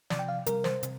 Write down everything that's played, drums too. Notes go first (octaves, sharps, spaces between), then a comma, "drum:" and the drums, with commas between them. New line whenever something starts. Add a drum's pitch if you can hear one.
C3 F3 D5, drum: snare
G5
F5
C3 G3 A#4, drum: hi-hat
C5, drum: snare
C3, drum: hi-hat